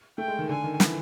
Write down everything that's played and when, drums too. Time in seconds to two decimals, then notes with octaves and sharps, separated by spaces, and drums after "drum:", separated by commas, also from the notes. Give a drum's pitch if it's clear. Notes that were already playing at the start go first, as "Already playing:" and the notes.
0.18 A3 G5
0.28 G#3
0.39 D#3
0.49 D3 G#5
0.64 D#3
0.80 E3, drum: snare